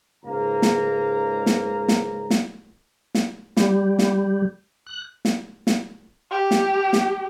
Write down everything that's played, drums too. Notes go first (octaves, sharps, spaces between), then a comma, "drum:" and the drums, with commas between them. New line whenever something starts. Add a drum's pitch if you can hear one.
C#2 G#2 C#3 A#3 A#5
drum: snare
drum: snare
drum: snare
drum: snare
drum: snare
G3, drum: snare
drum: snare
F#6
drum: snare
drum: snare
G4
drum: snare
drum: snare